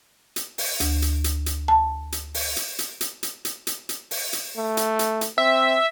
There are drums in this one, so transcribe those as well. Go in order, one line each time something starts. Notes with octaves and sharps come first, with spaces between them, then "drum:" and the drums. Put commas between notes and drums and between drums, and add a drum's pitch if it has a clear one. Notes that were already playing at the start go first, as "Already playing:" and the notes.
drum: hi-hat
drum: open hi-hat
D2, drum: hi-hat
drum: hi-hat
drum: hi-hat
drum: hi-hat
A5
drum: hi-hat
drum: open hi-hat
drum: hi-hat
drum: hi-hat
drum: hi-hat
drum: hi-hat
drum: hi-hat
drum: hi-hat
drum: hi-hat
drum: open hi-hat
drum: hi-hat
A3
drum: hi-hat
drum: hi-hat
drum: hi-hat
C4 E5